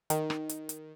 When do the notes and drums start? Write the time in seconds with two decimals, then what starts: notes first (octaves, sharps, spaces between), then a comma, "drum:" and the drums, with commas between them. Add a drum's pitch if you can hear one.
0.10 D#3, drum: hi-hat
0.30 drum: rim click
0.49 drum: hi-hat
0.69 drum: hi-hat